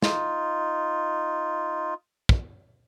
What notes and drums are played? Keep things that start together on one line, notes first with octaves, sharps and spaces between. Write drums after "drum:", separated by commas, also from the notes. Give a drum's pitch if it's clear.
D#4 F4, drum: snare
drum: kick